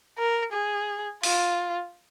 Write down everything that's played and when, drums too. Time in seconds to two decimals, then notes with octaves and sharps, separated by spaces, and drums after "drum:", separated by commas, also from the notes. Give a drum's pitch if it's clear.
0.18 A#4
0.53 G#4
1.23 F4, drum: open hi-hat